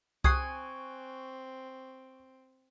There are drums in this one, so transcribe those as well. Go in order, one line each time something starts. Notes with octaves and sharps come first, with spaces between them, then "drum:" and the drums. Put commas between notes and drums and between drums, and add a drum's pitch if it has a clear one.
C4 G#5 C#6 D#6 F#6 C7, drum: kick C2